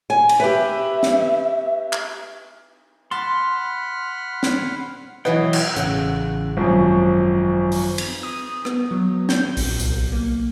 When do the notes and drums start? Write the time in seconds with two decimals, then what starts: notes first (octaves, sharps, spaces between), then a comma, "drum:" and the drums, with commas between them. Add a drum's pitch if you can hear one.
0.10 G#5
0.29 drum: cymbal
0.40 G4 B4 E5
1.03 drum: snare
1.93 drum: clap
3.11 F#5 A5 B5 C6 F6
4.43 drum: snare
5.25 B2 E3 F#3 B4 D#5 F#5 G5
5.53 drum: cymbal
5.76 A1 C#3 F#5, drum: hi-hat
6.57 G#1 F#2 F3
7.72 drum: open hi-hat
7.98 drum: cymbal
8.23 D#6
8.65 B3, drum: rim click
8.91 F#3
9.29 G6, drum: snare
9.57 A#1, drum: open hi-hat
9.80 C2, drum: tambourine
10.12 A#3